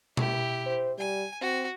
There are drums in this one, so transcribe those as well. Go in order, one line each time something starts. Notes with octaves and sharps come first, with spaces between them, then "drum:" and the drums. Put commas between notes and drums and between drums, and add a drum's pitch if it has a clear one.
E4 G4, drum: tom B2
C5
G3 G#5
C4 F#4